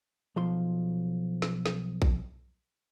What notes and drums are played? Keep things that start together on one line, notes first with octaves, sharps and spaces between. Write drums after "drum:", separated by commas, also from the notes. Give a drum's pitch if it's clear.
B1 F3 C6
drum: snare
drum: snare
drum: kick A#1